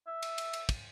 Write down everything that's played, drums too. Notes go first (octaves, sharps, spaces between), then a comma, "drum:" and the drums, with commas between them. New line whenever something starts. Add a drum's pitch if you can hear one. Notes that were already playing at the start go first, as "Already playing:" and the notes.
E5
drum: cymbal
drum: cymbal
drum: cymbal
drum: kick, cymbal